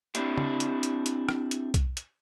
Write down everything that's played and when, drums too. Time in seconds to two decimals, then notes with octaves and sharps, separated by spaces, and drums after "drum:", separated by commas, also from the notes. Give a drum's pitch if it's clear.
0.15 C4 D4 E4 G4, drum: hi-hat
0.37 drum: tom C#3
0.60 drum: hi-hat
0.83 drum: hi-hat
1.06 drum: hi-hat
1.29 drum: rim click
1.51 drum: hi-hat
1.74 drum: kick B1, hi-hat
1.97 drum: hi-hat